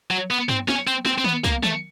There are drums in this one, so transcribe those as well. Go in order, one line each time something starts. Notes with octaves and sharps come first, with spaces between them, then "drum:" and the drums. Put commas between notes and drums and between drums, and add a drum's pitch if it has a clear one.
F#3
B3
C4, drum: tom G2
C#4, drum: snare
C4, drum: tambourine
C4, drum: snare
C4
B3, drum: tom D#3
A#3, drum: kick, tambourine
A3, drum: tom D#3